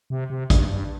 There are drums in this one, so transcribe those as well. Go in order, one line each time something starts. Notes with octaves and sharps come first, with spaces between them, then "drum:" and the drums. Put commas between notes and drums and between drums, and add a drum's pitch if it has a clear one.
C3
C3
G2, drum: kick, hi-hat
G2